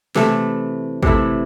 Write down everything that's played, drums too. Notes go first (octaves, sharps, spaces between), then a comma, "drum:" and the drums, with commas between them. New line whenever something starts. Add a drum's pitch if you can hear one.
C3 E3 A3 E4, drum: snare
C3 E3 A3 E4, drum: kick